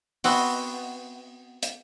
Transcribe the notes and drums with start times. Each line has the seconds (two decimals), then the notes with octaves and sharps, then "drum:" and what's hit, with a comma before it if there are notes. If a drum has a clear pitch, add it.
0.24 B3 C4 F#4, drum: open hi-hat
1.63 drum: hi-hat